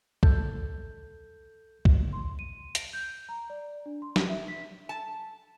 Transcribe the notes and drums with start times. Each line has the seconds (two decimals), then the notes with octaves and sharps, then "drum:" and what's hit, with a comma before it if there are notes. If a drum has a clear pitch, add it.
0.23 A4 G6, drum: kick
1.85 drum: kick
2.13 C6
2.39 D#7
2.75 D7, drum: hi-hat
2.93 G6
3.29 A#5
3.50 D5
3.86 D4
4.02 C6
4.16 drum: snare
4.29 E5
4.48 B6
4.89 A5